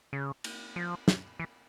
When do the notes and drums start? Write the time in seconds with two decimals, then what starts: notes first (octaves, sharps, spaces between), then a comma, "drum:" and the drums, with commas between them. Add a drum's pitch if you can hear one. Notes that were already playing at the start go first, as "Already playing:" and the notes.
0.13 C#3
0.44 drum: cymbal
0.76 F3
1.08 drum: snare
1.40 E3